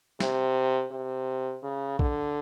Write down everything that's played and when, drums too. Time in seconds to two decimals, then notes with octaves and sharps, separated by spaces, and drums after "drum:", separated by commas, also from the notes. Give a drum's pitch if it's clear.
0.20 C3, drum: snare
0.91 C3
1.63 C#3
1.99 D3, drum: kick A#1